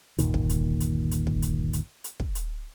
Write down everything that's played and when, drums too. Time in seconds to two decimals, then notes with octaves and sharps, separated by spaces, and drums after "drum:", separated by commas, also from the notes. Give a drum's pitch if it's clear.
0.18 G1 D#2 A#2 D#3, drum: hi-hat
0.34 drum: kick
0.49 drum: hi-hat
0.80 drum: hi-hat
1.11 drum: hi-hat
1.27 drum: kick
1.42 drum: hi-hat
1.73 drum: hi-hat
2.04 drum: hi-hat
2.20 drum: kick
2.35 drum: hi-hat